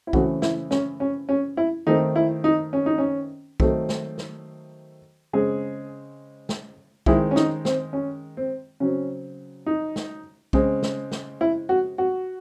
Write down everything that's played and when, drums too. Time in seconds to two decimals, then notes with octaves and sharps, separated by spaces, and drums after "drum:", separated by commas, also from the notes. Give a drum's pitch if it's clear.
0.07 E4
0.13 C#3 E3 A3 C4 F#4, drum: kick B1
0.42 E4, drum: snare
0.71 C#4, drum: snare
1.00 C#4
1.29 C#4
1.57 E4
1.87 D#3 A3 C4 D#4
2.16 E4
2.44 D#4
2.73 C#4
2.86 D#4
2.98 C#4
3.60 D#3 F#3 A3 C4, drum: kick B1
3.89 drum: snare
4.18 drum: snare
5.33 C#3 G#3 C4 G#4
6.49 drum: snare
7.06 D#3 G#3 C4 E4, drum: kick B1
7.31 C#4
7.36 D#4, drum: snare
7.65 C4, drum: snare
7.93 C#4
8.37 C4
8.80 C#3 F#3 C4 C#4
9.66 D#4
9.96 drum: snare
10.53 C#3 G#3 C4, drum: kick B1
10.83 drum: snare
11.11 drum: snare
11.41 E4
11.69 F#4
11.98 F#4